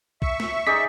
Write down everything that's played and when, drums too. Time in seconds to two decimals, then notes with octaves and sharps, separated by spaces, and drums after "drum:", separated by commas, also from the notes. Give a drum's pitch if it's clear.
0.22 E5 C#6, drum: kick A#1
0.40 drum: snare
0.67 D#4 G#4 D5 B6